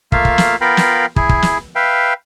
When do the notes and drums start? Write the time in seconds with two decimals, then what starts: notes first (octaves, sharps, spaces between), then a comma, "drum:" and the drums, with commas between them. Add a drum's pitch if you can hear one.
0.12 A3 A#3 F4 E5 F5, drum: kick
0.25 drum: kick
0.38 drum: snare
0.61 B3 F4 A#4 F5 G5 B5
0.77 drum: snare
1.16 E4 G#4, drum: kick
1.29 drum: kick
1.42 drum: snare
1.75 B4 E5 F5 G5